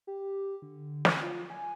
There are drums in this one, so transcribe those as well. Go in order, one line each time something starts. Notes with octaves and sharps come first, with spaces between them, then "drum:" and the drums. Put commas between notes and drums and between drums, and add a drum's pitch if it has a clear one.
G4
D3
drum: snare
F4
G#5